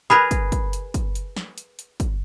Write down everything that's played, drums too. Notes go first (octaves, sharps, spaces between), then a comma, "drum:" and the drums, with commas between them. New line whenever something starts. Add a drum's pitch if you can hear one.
G#4 A#4 B4 B5
drum: kick, hi-hat
drum: kick, hi-hat
drum: hi-hat
drum: kick, hi-hat
drum: hi-hat
drum: snare
drum: hi-hat
drum: hi-hat
drum: kick, hi-hat